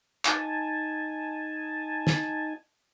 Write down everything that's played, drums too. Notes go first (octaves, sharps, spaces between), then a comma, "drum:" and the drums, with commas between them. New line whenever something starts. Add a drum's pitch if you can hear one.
D#4 G#5 A5, drum: clap
drum: snare